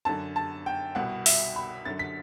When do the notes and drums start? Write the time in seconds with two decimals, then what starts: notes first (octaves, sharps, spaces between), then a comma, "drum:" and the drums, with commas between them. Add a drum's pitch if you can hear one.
0.05 F#2 D3 A5
0.36 A5
0.66 G5
0.95 C2 B2 F#5
1.26 E5, drum: open hi-hat
1.56 B5
1.85 F#2 D3 A6
1.99 B6